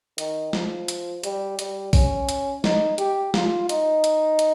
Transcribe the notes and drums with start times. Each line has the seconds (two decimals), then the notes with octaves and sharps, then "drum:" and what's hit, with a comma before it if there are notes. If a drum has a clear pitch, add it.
0.18 D#3, drum: hi-hat
0.53 F3, drum: snare
0.88 drum: hi-hat
1.24 G3, drum: hi-hat
1.59 G3, drum: hi-hat
1.93 C#4, drum: kick A#1, open hi-hat
2.29 drum: hi-hat
2.64 D#4, drum: snare
2.98 G4, drum: hi-hat
3.34 F4, drum: snare
3.69 D#4, drum: hi-hat
4.04 drum: hi-hat
4.39 drum: hi-hat